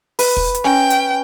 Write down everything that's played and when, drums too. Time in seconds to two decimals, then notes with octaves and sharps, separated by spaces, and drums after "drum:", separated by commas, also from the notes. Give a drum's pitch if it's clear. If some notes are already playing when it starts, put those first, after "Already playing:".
0.19 B4, drum: open hi-hat
0.37 drum: kick
0.54 drum: hi-hat
0.64 C#4 G5
0.90 drum: hi-hat